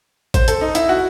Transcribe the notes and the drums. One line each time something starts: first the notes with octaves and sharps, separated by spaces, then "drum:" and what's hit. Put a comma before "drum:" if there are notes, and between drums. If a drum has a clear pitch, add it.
C5, drum: kick A1, hi-hat
A4, drum: hi-hat
D#4
E4, drum: hi-hat
F#4